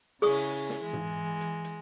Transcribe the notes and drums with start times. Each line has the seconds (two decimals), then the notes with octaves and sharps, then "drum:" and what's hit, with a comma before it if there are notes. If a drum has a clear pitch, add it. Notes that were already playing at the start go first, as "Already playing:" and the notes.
0.22 C#3 C#4 E4 G#4 C#6 D#6, drum: open hi-hat
0.70 drum: snare
0.81 E3 G#3
0.93 drum: tom G#2
1.41 drum: hi-hat
1.64 drum: hi-hat